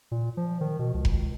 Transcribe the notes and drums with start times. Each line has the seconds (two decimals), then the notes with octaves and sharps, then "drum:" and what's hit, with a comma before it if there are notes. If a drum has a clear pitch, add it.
0.11 A#2
0.37 F3
0.61 D#3
0.79 B2
0.94 C#2
1.05 drum: kick F1